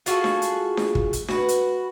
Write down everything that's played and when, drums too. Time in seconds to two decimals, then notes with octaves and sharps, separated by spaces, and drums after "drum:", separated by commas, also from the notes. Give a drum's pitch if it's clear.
0.06 F4 F#4 G#4 A4, drum: hi-hat
0.24 drum: snare D4
0.42 drum: hi-hat
0.77 drum: snare D4
0.95 drum: kick
1.13 drum: hi-hat
1.28 F#4 B4, drum: snare D4
1.48 drum: hi-hat